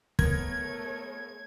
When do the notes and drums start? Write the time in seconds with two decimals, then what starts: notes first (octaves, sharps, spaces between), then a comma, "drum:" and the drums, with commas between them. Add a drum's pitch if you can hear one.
0.19 A3 B3 A#4 C#5 G#6, drum: kick